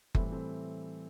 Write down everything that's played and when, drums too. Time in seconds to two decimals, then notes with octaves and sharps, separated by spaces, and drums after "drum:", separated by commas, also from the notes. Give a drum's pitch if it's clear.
0.15 A2 E3 G3 A3 C4, drum: kick F#1
0.32 A3 C4